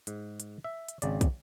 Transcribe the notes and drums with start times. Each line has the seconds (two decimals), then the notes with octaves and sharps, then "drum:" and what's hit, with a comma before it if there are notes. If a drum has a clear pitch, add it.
0.07 G#2, drum: hi-hat
0.40 drum: hi-hat
0.64 E5
0.88 drum: hi-hat
1.02 G#1 C#3 D5, drum: hi-hat
1.21 drum: kick, hi-hat